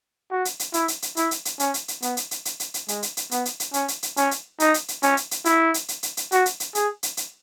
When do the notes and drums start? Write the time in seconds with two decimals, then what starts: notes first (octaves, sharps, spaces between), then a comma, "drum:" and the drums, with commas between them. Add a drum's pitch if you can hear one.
0.31 F#4
0.45 drum: hi-hat
0.59 drum: hi-hat
0.74 E4, drum: hi-hat
0.88 drum: hi-hat
1.02 drum: hi-hat
1.17 E4, drum: hi-hat
1.31 drum: hi-hat
1.45 drum: hi-hat
1.59 C#4, drum: hi-hat
1.74 drum: hi-hat
1.88 drum: hi-hat
2.02 B3, drum: hi-hat
2.17 drum: hi-hat
2.31 drum: hi-hat
2.45 drum: hi-hat
2.60 drum: hi-hat
2.74 drum: hi-hat
2.88 G#3, drum: hi-hat
3.02 drum: hi-hat
3.17 drum: hi-hat
3.31 B3, drum: hi-hat
3.45 drum: hi-hat
3.60 drum: hi-hat
3.74 C#4, drum: hi-hat
3.88 drum: hi-hat
4.03 drum: hi-hat
4.17 C#4, drum: hi-hat
4.31 drum: hi-hat
4.60 D#4, drum: hi-hat
4.74 drum: hi-hat
4.88 drum: hi-hat
5.03 C#4, drum: hi-hat
5.17 drum: hi-hat
5.31 drum: hi-hat
5.45 E4, drum: hi-hat
5.74 drum: hi-hat
5.88 drum: hi-hat
6.03 drum: hi-hat
6.17 drum: hi-hat
6.32 F#4, drum: hi-hat
6.46 drum: hi-hat
6.60 drum: hi-hat
6.75 G#4, drum: hi-hat
7.03 drum: hi-hat
7.17 drum: hi-hat